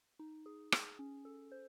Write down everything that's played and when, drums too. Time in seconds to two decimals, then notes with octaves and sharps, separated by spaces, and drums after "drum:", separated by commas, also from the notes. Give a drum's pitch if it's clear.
0.19 D#4
0.46 G#4
0.72 G#4, drum: rim click
0.99 C#4
1.25 A4
1.52 C5